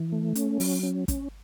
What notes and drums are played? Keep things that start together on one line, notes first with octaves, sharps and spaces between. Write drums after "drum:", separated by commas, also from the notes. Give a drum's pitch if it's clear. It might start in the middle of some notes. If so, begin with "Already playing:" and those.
Already playing: E3
A3
C#4, drum: hi-hat
F#3, drum: open hi-hat
C#4
C#4, drum: kick, hi-hat